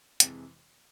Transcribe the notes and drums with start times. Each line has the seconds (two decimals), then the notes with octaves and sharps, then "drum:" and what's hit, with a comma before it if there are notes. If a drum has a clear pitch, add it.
0.20 F2 C3 E3 G#3, drum: hi-hat